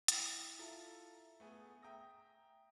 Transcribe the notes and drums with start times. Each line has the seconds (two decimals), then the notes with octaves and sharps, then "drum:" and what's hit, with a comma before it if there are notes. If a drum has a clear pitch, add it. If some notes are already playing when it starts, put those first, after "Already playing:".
0.08 E4, drum: hi-hat
0.59 E4 F4 A4 E5 A#5
1.40 A3 B3 G#4
1.82 E5 G5 A#5 D#6 A#6